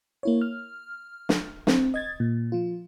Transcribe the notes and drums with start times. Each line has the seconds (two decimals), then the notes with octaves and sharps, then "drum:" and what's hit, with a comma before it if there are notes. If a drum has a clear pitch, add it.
0.23 A#3 E4 C#5
0.41 F6
1.29 drum: snare
1.67 C4, drum: snare
1.94 D#5 G#6 A6
2.20 A#2
2.52 F3 F4